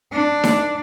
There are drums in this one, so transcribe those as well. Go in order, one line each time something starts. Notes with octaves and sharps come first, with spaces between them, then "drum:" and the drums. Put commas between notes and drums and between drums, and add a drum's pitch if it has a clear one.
D4
drum: snare D#4